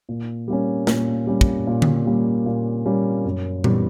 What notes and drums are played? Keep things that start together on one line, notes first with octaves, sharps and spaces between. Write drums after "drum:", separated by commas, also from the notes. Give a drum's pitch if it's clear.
A#2
G3 A#3 C#4
A#2, drum: snare
G3 A#3 C#4
drum: kick
A#2
drum: tom D3
G3 A#3 C#4
A#2
G3 A#3 C#4
F#2
E3 G3 B3, drum: tom A#2